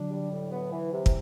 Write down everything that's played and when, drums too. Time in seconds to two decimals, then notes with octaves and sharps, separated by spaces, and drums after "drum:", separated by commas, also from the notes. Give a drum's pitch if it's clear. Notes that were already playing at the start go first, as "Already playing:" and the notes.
Already playing: D3 F#3 D4
0.10 G3
0.31 A2
0.51 B3
0.72 E3
0.93 C3
1.06 drum: kick